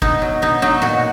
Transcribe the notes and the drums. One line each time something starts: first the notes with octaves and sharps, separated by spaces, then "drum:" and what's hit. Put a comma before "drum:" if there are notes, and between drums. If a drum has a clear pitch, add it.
B2 D#4, drum: kick
F#3
B2 D#4
F#3 D#4
A#2 F#4